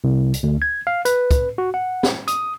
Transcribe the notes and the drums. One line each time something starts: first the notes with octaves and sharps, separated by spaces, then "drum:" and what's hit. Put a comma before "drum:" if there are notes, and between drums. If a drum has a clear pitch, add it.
C2
drum: hi-hat
D2
G#6
F5
B4, drum: hi-hat
drum: kick, hi-hat
F#4
F#5
drum: snare
D#6, drum: hi-hat